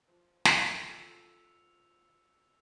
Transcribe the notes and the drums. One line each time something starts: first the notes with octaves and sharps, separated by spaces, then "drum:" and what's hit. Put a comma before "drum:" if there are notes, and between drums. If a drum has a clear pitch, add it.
F3
drum: snare
F4 F#4 A4 E6 C#7 F7